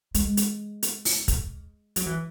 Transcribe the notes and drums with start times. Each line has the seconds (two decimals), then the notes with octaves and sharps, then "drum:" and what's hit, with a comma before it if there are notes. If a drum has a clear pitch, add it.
0.15 G#3, drum: hi-hat
0.37 drum: hi-hat
0.83 drum: hi-hat
1.05 drum: open hi-hat
1.28 drum: kick, hi-hat
1.96 F#3, drum: hi-hat
2.06 E3